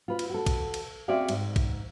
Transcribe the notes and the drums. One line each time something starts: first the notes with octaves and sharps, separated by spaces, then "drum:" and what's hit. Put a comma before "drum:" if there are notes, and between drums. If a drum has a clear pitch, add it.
F4 B4
drum: cymbal
F#4 A4
drum: kick A#1, cymbal
drum: cymbal
C4 F#4 G#4 D5 E5 F5
G#2, drum: cymbal
drum: kick A#1, cymbal